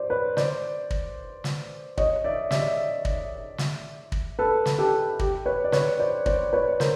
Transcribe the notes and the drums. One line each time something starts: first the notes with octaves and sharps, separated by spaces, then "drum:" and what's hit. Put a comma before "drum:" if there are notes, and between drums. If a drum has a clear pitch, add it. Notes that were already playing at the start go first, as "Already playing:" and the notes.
Already playing: C5 D5
B4 C#5
C5 D5, drum: snare
drum: kick
drum: snare
C#5 D#5, drum: kick
D5 E5
D5 E5, drum: snare
drum: kick
drum: snare
drum: kick
A4 B4
drum: snare
G4 A4
G4, drum: kick
B4 C#5
D5
B4 C#5, drum: snare
C5 D5
C5 D5, drum: kick
B4 C#5
A#4 C5, drum: snare